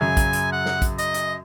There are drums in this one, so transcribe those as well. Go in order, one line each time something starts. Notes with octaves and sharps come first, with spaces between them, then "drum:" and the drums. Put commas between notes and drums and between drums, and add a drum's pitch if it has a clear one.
F#2 C#3 F#3 G#5
drum: kick A#1, hi-hat
drum: hi-hat
F#5
drum: snare
drum: kick A#1, hi-hat
D#5, drum: hi-hat
drum: hi-hat